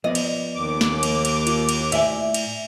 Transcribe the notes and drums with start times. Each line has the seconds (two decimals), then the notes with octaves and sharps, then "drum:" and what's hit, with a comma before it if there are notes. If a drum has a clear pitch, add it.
0.04 F3 B3 D5 D#5
0.15 drum: cymbal
0.55 D#2 D6
0.81 drum: snare
1.03 drum: cymbal
1.25 drum: cymbal
1.47 F4, drum: cymbal
1.69 drum: cymbal
1.92 A2 D5 E5 G#5, drum: cymbal
2.34 drum: cymbal